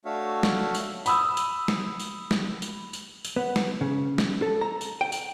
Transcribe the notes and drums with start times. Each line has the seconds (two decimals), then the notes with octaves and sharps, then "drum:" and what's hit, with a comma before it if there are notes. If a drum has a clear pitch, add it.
0.05 A3 D4 F#4 C#5 E5 F5
0.43 drum: snare
0.75 drum: tambourine
1.06 B5 D#6 E6, drum: tambourine
1.37 drum: tambourine
1.68 drum: snare
2.00 drum: tambourine
2.31 drum: snare
2.62 drum: tambourine
2.93 drum: tambourine
3.25 drum: tambourine
3.36 B3
3.56 drum: snare
3.81 C#3
4.18 drum: snare
4.42 A4
4.61 A#5
4.81 drum: tambourine
5.01 G5
5.12 drum: tambourine